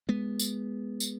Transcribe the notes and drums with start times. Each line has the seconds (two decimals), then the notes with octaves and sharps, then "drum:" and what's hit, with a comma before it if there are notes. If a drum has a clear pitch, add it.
0.09 G#3 B3
0.39 drum: tambourine
1.00 drum: tambourine